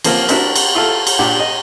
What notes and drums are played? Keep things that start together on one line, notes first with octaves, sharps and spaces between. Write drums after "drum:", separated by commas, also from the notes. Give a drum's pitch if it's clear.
F3 A#3 C4 F4, drum: cymbal
D4 E4 F#4 A#4 C5 E5, drum: cymbal
drum: cymbal
E4 F4 A4
drum: cymbal
A#2 D4 G4 F#5
D#5